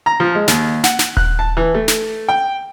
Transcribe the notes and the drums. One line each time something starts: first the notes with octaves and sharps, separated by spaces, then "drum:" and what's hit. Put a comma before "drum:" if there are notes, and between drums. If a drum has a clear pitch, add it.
A#5
F3
G#3
D#2, drum: snare
F#5, drum: snare
drum: snare
F#6, drum: kick D#1
A5
E3
A3
drum: snare
G5